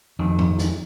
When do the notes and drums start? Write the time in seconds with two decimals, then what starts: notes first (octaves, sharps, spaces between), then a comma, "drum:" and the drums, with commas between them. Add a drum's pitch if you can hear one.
0.19 F2 D#3
0.39 drum: tom G2
0.58 drum: snare